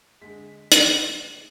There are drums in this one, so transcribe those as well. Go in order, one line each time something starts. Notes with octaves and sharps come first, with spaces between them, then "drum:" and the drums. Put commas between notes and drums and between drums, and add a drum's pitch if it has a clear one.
D3 G#3 B6
drum: hi-hat